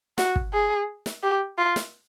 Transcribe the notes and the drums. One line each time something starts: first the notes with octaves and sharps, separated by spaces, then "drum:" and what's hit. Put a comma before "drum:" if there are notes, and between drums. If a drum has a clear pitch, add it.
F#4, drum: snare
drum: kick
G#4
drum: snare
G4
F4
drum: snare